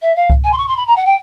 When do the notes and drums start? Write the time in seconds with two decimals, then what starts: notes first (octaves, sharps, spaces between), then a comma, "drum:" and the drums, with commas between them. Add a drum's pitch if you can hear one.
0.02 E5
0.16 F5
0.30 drum: kick C2
0.44 G#5
0.52 C6
0.58 C#6
0.67 C6
0.77 B5
0.87 A#5
0.96 F#5
1.05 G5